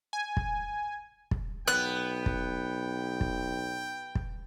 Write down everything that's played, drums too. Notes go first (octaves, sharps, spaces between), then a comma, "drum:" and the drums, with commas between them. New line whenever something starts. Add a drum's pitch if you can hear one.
G#5
drum: kick
drum: kick
B1 B3 G5 F#6
drum: kick
drum: kick
drum: kick